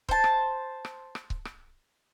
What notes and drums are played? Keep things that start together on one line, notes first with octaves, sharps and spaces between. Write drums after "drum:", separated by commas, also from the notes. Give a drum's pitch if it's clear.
C5 A5, drum: kick C#1
drum: rim click
drum: rim click
drum: rim click
drum: kick C#1
drum: rim click